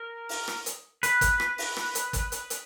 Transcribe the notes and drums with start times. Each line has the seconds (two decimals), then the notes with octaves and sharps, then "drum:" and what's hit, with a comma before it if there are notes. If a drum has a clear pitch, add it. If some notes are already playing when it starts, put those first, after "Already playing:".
Already playing: A#4
0.29 drum: open hi-hat
0.48 drum: rim click
0.66 drum: hi-hat
1.03 B4, drum: hi-hat
1.21 drum: kick, hi-hat
1.40 drum: rim click
1.58 drum: open hi-hat
1.77 drum: rim click
1.95 drum: hi-hat
2.13 drum: kick, hi-hat
2.32 drum: hi-hat
2.50 drum: hi-hat